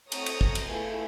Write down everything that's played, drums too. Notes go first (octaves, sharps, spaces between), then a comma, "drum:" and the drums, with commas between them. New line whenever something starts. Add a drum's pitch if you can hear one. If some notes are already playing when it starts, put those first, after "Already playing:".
A3 C4 F#4 C#5 A#5 D#6, drum: cymbal
drum: cymbal
drum: kick
drum: cymbal
A3 B3 E4 F4 G#4